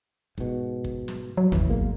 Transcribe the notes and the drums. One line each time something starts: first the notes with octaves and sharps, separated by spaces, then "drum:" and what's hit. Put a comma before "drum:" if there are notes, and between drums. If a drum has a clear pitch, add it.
G#2 B2, drum: kick
drum: kick
drum: snare
F#3
G#1 E3, drum: tom
B1 G#3 A#3